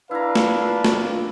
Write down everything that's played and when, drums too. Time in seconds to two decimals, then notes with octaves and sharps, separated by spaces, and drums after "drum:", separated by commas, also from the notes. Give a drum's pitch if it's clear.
0.11 D4 E4 B4 F5 A#5
0.35 drum: snare
0.85 drum: snare